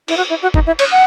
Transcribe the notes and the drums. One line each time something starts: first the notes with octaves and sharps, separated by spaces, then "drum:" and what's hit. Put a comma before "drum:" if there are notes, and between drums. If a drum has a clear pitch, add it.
E4, drum: cymbal
F#4
E4
F#4
D#4, drum: kick
E4
C#5, drum: cymbal
F#5